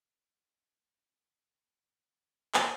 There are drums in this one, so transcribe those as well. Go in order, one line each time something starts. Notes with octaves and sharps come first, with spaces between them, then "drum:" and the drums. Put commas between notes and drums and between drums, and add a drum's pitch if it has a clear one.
C5
G#4
G#4
C4
A#3
G#3
C#4
C4
G#3
A#3
C#4
A#3
C4
A#3
A#3
C4
C#4
C4
drum: clap